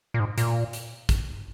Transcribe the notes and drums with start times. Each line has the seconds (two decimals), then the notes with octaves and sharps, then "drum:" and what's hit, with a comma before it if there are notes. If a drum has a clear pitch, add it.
0.14 A#2
0.20 G#2
0.38 A#2, drum: hi-hat
0.73 drum: hi-hat
1.09 drum: kick, hi-hat